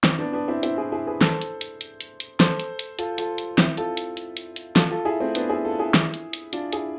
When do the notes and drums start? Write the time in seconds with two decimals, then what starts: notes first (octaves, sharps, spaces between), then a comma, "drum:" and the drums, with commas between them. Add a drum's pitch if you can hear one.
0.04 C4 E4, drum: snare
0.19 B3 D4
0.33 B3 D4
0.48 C4 E4
0.63 C4 E4, drum: hi-hat
0.78 E4 G#4
0.92 E4 G#4
1.07 G#4 B4
1.21 A4 C5, drum: snare
1.42 drum: hi-hat
1.61 drum: hi-hat
1.81 drum: hi-hat
2.01 drum: hi-hat
2.20 drum: hi-hat
2.40 A4 C5, drum: snare
2.60 drum: hi-hat
2.79 drum: hi-hat
2.99 F4 A4, drum: hi-hat
3.18 F4 A4, drum: hi-hat
3.38 drum: hi-hat
3.58 C4 E4, drum: snare
3.77 F4 A4, drum: hi-hat
3.97 drum: hi-hat
4.17 drum: hi-hat
4.37 drum: hi-hat
4.56 drum: hi-hat
4.76 F4 A4, drum: snare
4.91 F4 A4
5.05 E4 G#4
5.20 A3 C4
5.35 B3 D4, drum: hi-hat
5.49 E4 G#4
5.65 F4 A4
5.79 E4 G#4
5.94 drum: snare
6.14 drum: hi-hat
6.33 drum: hi-hat
6.53 D4 F4, drum: hi-hat
6.73 E4 G#4, drum: hi-hat